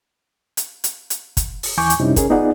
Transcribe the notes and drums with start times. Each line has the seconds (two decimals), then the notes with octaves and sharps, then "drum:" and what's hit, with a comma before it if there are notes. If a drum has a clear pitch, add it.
0.57 drum: hi-hat
0.84 drum: hi-hat
1.10 drum: hi-hat
1.37 drum: kick, hi-hat
1.63 drum: open hi-hat
1.78 D#2 E3 G#5 C#6 D6 G6
1.90 drum: hi-hat
2.00 F#2 C3 G3 C#4 D#4 E4
2.16 C#4 G#4 A#4, drum: kick, hi-hat
2.30 B3 D#4 F4 G#4 D5 F#5